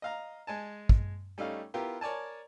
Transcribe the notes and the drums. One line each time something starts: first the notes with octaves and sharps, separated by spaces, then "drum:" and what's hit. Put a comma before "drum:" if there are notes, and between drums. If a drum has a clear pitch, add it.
D#5 F5 A#5
G#3 G#5 A5
drum: kick
G3 A3 C#4 D#4 F5
B3 E4 F4 G4 A#4
A#4 C#5 D5 G#5 A5